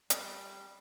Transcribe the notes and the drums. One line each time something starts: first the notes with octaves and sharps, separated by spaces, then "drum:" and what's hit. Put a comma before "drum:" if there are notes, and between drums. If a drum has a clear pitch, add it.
G3, drum: hi-hat